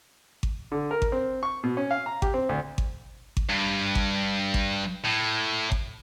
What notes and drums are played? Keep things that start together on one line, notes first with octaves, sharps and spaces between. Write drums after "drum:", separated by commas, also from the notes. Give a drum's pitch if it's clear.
drum: kick G#1
D3
A#4
drum: kick G#1
C4
C#6
B2
C#4
F5
A#5
G4, drum: kick G#1
C4
D2
drum: kick G#1
drum: kick G#1
G2
drum: kick G#1
drum: kick G#1
A2
drum: kick G#1